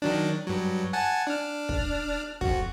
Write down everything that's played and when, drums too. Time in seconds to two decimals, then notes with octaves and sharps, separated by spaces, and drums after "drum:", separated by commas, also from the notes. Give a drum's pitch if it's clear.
0.02 D#3 F#3 D4
0.46 G2 F#3
0.93 F#5 G#5 A5
1.27 D4 F6
1.69 drum: kick
2.41 F2 F#4, drum: kick